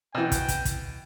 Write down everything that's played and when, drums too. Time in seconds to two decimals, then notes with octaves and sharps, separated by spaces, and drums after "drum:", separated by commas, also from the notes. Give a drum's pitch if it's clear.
0.15 B2 E3 G5
0.32 drum: kick, hi-hat
0.48 drum: kick, hi-hat
0.65 drum: kick, hi-hat